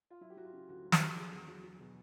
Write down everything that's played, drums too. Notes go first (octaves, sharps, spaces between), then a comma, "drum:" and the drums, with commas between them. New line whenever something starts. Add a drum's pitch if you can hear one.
F4
F#3 E4
G4
F#3 F#4
F4
C#3
D2 F#4
F#3
G4, drum: snare
D2
F#3 G#4
E2
F#3
F#3
B2